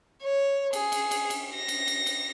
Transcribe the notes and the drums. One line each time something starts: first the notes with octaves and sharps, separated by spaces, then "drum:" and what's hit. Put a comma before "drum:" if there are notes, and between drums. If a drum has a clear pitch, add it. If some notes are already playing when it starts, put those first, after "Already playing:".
C#5
G#4, drum: cymbal
drum: cymbal
drum: cymbal
drum: cymbal
A#6
drum: cymbal
drum: cymbal
drum: cymbal